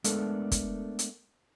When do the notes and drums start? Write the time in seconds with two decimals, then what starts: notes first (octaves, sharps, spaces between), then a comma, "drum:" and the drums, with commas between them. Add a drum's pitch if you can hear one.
0.04 G#3 A3 B3 D4 A4 A#4, drum: hi-hat
0.52 drum: kick, hi-hat
0.99 drum: hi-hat